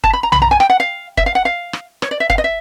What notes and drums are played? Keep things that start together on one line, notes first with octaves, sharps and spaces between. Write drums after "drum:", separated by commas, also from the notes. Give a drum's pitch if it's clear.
A5, drum: kick
B5
A#5
B5, drum: tom B1
A#5
G#5
G5, drum: rim click
F#5
F5
E5, drum: kick
F5
F#5
F5
drum: rim click
C#5, drum: rim click
D5
E5
F5, drum: kick
D#5
E5